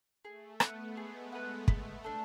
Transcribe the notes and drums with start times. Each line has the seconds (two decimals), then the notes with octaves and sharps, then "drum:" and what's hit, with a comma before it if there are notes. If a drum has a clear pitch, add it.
0.25 A3 G#4
0.60 B3 B4 F#5, drum: rim click
0.96 G#3 G#4
1.32 B4 F#5
1.68 A3 B3, drum: kick
2.04 D4 A4